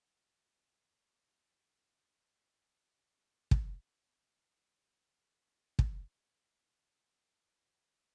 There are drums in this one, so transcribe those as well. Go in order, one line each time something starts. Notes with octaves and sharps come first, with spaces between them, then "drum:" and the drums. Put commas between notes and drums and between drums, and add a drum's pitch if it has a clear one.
C5
F4
G#4 A#4 C5 A5
C#5
G#3
D#4 C#5 F5
drum: kick
drum: kick
C5 A#5
G2 A#3 G4 G#4 C5 F5
D2 G2 F3 B3
C4 G4 G#4